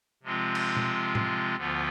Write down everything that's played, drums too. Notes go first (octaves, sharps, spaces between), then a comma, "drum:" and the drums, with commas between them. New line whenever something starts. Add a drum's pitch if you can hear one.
C3 F3 G#3 C4 F4
drum: cymbal
drum: tom B2
drum: tom A2
D2 D3 F3 B3 F4